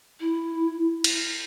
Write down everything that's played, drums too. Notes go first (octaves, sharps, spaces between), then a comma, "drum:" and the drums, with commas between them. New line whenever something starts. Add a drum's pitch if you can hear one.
E4
drum: cymbal